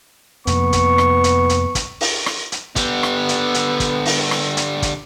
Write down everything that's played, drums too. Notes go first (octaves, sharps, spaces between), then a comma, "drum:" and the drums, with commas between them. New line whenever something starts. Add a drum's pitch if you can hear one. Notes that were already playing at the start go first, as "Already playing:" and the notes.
F2 C3 A#3 B3 C#6, drum: hi-hat
drum: kick, hi-hat
drum: rim click
drum: hi-hat
drum: hi-hat
drum: kick, hi-hat
drum: open hi-hat
drum: rim click
drum: hi-hat
D3 B3 G4, drum: kick, hi-hat
drum: rim click
drum: hi-hat
drum: hi-hat
drum: kick, hi-hat
drum: open hi-hat
drum: rim click
drum: hi-hat
drum: kick, hi-hat